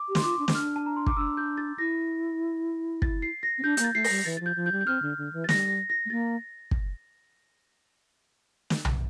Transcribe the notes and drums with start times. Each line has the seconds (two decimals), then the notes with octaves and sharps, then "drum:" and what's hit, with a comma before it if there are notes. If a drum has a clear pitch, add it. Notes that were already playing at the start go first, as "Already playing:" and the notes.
Already playing: D6
0.09 G4
0.15 C6, drum: snare
0.24 F4 D6
0.39 D4
0.48 C4, drum: snare
0.55 D4 F6
0.76 A5
0.86 A#5
0.96 C6
1.06 D6, drum: kick
1.17 D4 E6
1.37 G6
1.58 A6
1.78 E4 A#6
3.02 A6, drum: kick
3.22 C7
3.43 A#6
3.58 C4
3.63 D4 G6
3.77 A#3 G6, drum: hi-hat
3.84 A6
3.94 A3 C7
4.04 A#6, drum: open hi-hat
4.10 G3
4.25 E3 A6
4.37 F3 A6
4.46 G6
4.56 F3
4.66 G6
4.72 G3
4.81 G6
4.87 C4 F6
5.02 D3
5.18 D3
5.33 E3
5.44 A6
5.49 G3 A#6, drum: snare
5.69 A#6
5.90 A#6
6.05 A3
6.10 A#3 A6
6.71 drum: kick
8.70 drum: snare
8.85 drum: tom B1